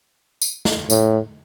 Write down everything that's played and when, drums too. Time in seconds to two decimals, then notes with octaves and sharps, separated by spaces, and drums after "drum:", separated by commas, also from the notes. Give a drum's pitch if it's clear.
0.41 drum: tambourine
0.65 drum: snare
0.90 A2, drum: tambourine